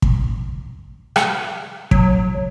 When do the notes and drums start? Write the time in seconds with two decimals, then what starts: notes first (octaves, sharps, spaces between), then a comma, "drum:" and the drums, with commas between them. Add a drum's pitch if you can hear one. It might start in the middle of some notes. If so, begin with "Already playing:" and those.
0.02 drum: kick
1.16 drum: rim click
1.91 F#3, drum: kick